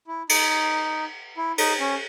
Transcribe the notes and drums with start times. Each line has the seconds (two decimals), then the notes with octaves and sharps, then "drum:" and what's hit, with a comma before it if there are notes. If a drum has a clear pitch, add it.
0.07 E4
0.29 D#4, drum: cymbal
1.37 E4
1.58 D#4, drum: cymbal
1.80 C#4